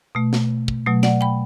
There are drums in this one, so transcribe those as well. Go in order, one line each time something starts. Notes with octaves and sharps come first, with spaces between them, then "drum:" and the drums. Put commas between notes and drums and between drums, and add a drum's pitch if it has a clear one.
B2 A3
drum: snare
drum: kick
B2 F#3 A3
D5 F#5, drum: snare
G5 B5